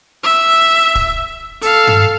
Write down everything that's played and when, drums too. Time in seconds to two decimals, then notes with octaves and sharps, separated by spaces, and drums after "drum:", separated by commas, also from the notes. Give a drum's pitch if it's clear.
0.24 E5
0.95 drum: kick
1.62 A4 F5, drum: hi-hat
1.87 drum: tom G2